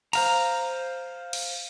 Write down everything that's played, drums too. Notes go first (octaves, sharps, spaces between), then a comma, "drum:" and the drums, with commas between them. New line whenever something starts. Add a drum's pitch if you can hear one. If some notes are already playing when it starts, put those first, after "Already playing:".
C5 F5 A#5, drum: cymbal
drum: cymbal